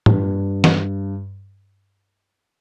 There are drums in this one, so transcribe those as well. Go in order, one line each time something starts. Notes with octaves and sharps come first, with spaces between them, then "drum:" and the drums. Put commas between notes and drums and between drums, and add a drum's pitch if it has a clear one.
G2, drum: tom
drum: snare